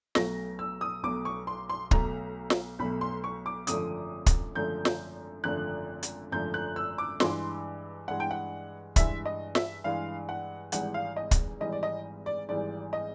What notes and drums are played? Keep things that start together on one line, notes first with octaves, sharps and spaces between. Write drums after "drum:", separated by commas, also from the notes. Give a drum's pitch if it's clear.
B1 B2 F#3 A3 A#6, drum: snare
E6
D#6
B1 B2 F#3 A3 D6
C#6
C6
C6
B1 B2 F#3 A3 A#5, drum: kick
drum: snare
B1 B2 F#3 A3 B5
C6
C#6
D6
G#1 F#2 D3 F3 A3 D#6, drum: hi-hat
drum: kick, hi-hat
G#1 F#2 D3 F3 A3 G6
drum: snare
G#1 F#2 D3 F3 A3 F#6
drum: hi-hat
G#1 F#2 D3 F3 A3 G6
F#6
E6
D6
G2 E3 G#3 C6, drum: snare
G2 E3 G#3 F#5
G5
F#5
G2 E3 G#3 E5, drum: kick, hi-hat
D#5
E5, drum: snare
G2 E3 G#3 F5
F#5
G#1 G#2 E3 G3 F#5, drum: hi-hat
F5
D#5
drum: kick, hi-hat
G#1 G#2 E3 G3 D#5
D5
D#5
D5
G#1 G#2 E3 G3 D5
D#5